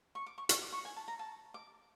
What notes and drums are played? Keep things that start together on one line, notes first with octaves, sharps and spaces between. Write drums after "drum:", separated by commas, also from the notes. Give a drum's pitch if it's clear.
C#6
D6
C#6
C#6, drum: hi-hat
D6
C#6
G#5
A5
A#5
A5
D6